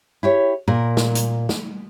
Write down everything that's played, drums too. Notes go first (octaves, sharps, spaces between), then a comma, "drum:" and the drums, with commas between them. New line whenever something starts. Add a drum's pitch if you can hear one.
E4 G4 C#5
A#2 A#4
drum: snare
drum: hi-hat
drum: snare